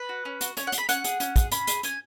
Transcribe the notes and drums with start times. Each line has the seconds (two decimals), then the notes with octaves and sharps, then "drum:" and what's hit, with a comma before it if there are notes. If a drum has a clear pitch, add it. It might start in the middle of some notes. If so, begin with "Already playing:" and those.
Already playing: B4
0.09 F#4
0.25 C#4
0.41 F#4, drum: hi-hat
0.57 C#4 C#5, drum: hi-hat
0.67 F#5
0.72 G#4, drum: hi-hat
0.78 B5
0.89 C#4 F#5, drum: hi-hat
1.04 G#4, drum: hi-hat
1.20 C#4, drum: hi-hat
1.36 G#4, drum: kick, hi-hat
1.52 C#4 B5, drum: hi-hat
1.67 G#4, drum: hi-hat
1.83 C#4 G#5, drum: hi-hat